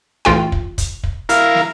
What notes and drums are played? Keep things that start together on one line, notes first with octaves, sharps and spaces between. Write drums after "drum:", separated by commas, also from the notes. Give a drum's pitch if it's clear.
A1 F4 G5
drum: kick
drum: kick, hi-hat
drum: kick
E4 A#4 F5, drum: hi-hat
drum: snare